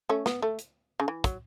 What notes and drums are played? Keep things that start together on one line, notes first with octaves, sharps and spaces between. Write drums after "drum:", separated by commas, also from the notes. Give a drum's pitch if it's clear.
A3 C#4
B3, drum: snare
A3
drum: hi-hat
C#3
E3
F#3, drum: kick, hi-hat